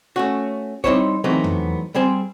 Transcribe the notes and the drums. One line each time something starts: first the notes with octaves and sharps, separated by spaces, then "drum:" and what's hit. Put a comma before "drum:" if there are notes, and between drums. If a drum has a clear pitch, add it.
A3 C#4 F#4
G3 C4 D#4 E4 C5 C#5, drum: kick
E3 F#3 A3 B3 C4 D#4
drum: tom
G3 C4 G#4 C5